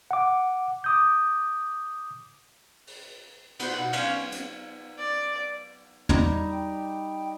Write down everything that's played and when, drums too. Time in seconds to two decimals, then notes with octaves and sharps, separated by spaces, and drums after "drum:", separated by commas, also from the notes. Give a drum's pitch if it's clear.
0.11 F#5 D6
0.84 D6 D#6 G6
2.87 drum: open hi-hat
3.60 B3 F#4 C5, drum: cymbal
3.74 B2 D#4 F#5
3.93 C#4 D4 C5 F5, drum: cymbal
4.32 drum: hi-hat
4.98 D5
6.09 G3 D#4, drum: tom
6.51 G5